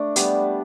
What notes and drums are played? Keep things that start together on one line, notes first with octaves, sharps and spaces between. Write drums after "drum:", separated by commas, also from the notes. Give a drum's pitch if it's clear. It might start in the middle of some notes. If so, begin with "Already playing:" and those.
Already playing: A3 D4
G3 B3, drum: hi-hat